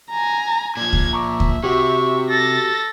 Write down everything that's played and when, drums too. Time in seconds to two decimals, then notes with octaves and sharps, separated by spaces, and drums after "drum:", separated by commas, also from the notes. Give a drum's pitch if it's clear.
0.10 G#5 A#5
0.77 A#2 F3 G#6
0.93 drum: kick C#2
1.13 E5 A#5 C#6 D6
1.40 drum: kick C#2
1.64 C3 F#4 G4 C#6
2.30 A4 A6 A#6